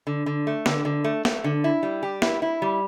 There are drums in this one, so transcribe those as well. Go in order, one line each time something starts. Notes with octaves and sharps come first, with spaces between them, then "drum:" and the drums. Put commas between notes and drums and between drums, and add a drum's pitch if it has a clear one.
D3
D3
A3
D3, drum: snare
D3
A3
A3, drum: snare
D3
E4
G3
G4
E4, drum: snare
E4
G3